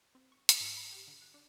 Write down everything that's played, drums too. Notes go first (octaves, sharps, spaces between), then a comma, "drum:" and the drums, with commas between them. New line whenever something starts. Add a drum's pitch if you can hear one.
C4
C#6
G3, drum: hi-hat
G#2
B5
G4
D3
F#6
D4